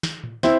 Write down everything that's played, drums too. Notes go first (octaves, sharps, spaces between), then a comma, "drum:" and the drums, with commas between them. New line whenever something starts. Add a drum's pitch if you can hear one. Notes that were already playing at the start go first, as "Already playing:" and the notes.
drum: snare
drum: tom A2
C4 E4, drum: snare